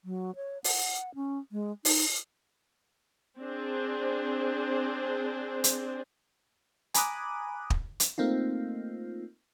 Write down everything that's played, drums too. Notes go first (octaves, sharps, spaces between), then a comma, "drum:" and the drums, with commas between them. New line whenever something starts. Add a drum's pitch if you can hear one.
F#3
C#5
F#5, drum: open hi-hat
C#4
G#3
D#4, drum: open hi-hat
C4 D4 G#4 C5
drum: hi-hat
G#5 A#5 B5 D6 D#6 F#6, drum: hi-hat
drum: kick
drum: hi-hat
A3 A#3 C4 D#4 F4